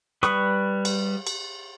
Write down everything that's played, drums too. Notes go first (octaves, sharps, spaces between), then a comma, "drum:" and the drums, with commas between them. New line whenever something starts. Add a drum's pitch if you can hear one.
G3 B4 B5 C#6 D#6, drum: rim click
drum: cymbal
drum: cymbal